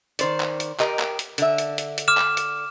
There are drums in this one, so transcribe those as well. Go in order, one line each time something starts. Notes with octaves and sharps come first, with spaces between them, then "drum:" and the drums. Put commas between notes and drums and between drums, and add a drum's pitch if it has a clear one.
D#3 C5 D5, drum: hi-hat
drum: clap
drum: hi-hat
G4 A#4 D#5, drum: clap
drum: clap
drum: hi-hat
D3 E5, drum: hi-hat
drum: hi-hat
drum: hi-hat
drum: hi-hat
D6 F6 E7
drum: clap
drum: hi-hat